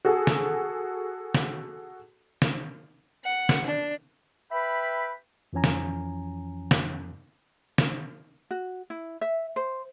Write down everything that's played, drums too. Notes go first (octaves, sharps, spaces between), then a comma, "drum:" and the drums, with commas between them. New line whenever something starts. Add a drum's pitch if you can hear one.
F#4 G#4 A4
drum: snare
drum: snare
drum: snare
F#5
drum: snare
D4
B4 E5 G5 B5
F2 E3 F3 C#4 G#5 A#5
drum: snare
drum: snare
drum: snare
F#4
E4
E5
C5